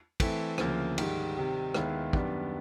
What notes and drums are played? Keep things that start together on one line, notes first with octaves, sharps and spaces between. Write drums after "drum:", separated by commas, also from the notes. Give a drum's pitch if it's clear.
E3 A3 C4 E4 A4, drum: kick, cymbal
D2 C#3 F3 A#3, drum: rim click
G#2 D#3 G3, drum: cymbal
C3 D#3 G3
D#2 D#3 G#3 B3 E4, drum: rim click
F#2 D#3 G3 B3 D4, drum: kick